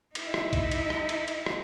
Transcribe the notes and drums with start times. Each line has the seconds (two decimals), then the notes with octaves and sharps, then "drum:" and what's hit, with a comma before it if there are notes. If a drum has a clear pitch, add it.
0.15 D#4 E4, drum: cymbal
0.34 drum: rim click
0.53 drum: kick B1, cymbal
0.71 drum: cymbal
0.90 drum: rim click
1.09 drum: cymbal
1.28 drum: cymbal
1.46 drum: rim click